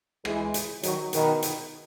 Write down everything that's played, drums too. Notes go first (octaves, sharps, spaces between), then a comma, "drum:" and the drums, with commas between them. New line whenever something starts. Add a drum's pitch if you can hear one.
E3 G#3, drum: rim click
drum: hi-hat
D#3 F#3, drum: hi-hat
B2 D#3, drum: hi-hat
drum: hi-hat